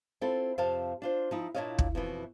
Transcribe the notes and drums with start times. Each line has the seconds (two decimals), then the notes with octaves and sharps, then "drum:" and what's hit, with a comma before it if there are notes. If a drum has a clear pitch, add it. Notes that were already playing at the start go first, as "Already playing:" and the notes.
0.21 C4 E4 F4 A4
0.58 F2 C3 C5 F5 A5
1.02 D4 F4 C5
1.31 F3 D#4 E4
1.55 A#2 D4 E4 C#5 D#5 F5
1.79 drum: kick
1.95 F2 B2 E3